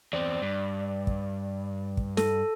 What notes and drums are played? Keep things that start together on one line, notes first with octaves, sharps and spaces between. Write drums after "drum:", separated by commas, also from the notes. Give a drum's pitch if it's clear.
E2 C4 D5
G2
drum: kick
drum: kick
A4, drum: snare